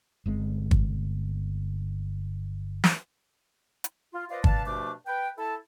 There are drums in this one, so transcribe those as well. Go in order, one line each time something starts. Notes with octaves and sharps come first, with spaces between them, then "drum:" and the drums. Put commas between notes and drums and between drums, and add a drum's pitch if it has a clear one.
G1 G#3 C4
drum: kick G1
drum: snare
drum: hi-hat
F4
F4 B4 C5 D5 D#5 F5
D4 B4 F5 A5, drum: kick G1
G2 B2 F3 A3 D4 D6
B4 G5
E4 A4 A5